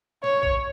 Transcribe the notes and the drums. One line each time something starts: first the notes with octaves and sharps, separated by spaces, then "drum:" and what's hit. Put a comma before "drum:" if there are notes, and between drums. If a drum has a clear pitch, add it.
C#5, drum: snare
drum: kick A#1